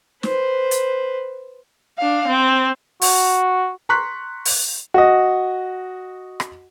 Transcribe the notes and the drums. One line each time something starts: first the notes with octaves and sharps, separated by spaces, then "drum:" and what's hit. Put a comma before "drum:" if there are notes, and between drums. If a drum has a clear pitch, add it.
B4 C5, drum: snare
drum: hi-hat
D4 F5
C4
F#4, drum: open hi-hat
A#5 C6 C#6 F#6 B6
drum: open hi-hat
F#4 D#5
drum: rim click